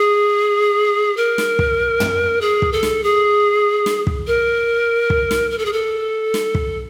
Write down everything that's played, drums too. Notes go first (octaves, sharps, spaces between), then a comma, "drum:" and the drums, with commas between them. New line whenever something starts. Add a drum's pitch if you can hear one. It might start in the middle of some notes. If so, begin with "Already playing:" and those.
Already playing: G#4
A#4
drum: snare
drum: kick
drum: tom
G#4
drum: kick
A4
drum: snare
G#4
drum: snare
drum: kick
A#4
drum: kick
drum: snare
A#4
A4
G#4
A4
drum: snare
drum: kick